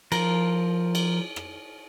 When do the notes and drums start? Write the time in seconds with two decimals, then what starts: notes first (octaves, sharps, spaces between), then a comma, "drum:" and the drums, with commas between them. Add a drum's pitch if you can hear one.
0.12 F3 A#4, drum: cymbal
0.95 drum: cymbal
1.36 drum: rim click